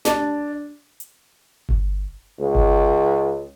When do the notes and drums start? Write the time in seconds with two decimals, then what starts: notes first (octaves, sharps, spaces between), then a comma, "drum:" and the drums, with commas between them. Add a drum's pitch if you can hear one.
0.05 D4, drum: snare
1.00 drum: hi-hat
1.69 drum: kick G1
2.39 C#2
2.55 drum: kick G1